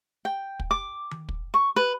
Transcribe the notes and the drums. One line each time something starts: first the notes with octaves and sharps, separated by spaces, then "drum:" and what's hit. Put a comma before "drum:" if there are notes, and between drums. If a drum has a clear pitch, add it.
G5
drum: kick
D6
drum: tom D#3
drum: kick
C#6
B4